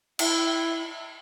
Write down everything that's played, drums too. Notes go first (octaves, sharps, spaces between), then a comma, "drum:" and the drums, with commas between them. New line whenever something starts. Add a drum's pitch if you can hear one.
E4, drum: cymbal